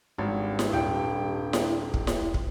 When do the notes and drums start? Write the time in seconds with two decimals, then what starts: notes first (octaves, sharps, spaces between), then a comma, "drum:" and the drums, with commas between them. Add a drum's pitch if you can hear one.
0.18 G#1 G2
0.59 drum: snare E4
0.72 D#1 G5
1.53 drum: snare E4
1.94 drum: kick
2.07 drum: snare E4
2.34 drum: kick